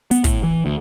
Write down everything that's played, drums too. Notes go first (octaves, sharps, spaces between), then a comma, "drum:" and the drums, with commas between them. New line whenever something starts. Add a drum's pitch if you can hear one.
B3, drum: hi-hat
A2, drum: kick, hi-hat
E3
D2